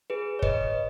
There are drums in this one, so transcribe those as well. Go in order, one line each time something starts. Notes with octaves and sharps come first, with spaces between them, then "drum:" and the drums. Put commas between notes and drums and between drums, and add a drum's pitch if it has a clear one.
G#4 B4
C#5
B4 D#5, drum: kick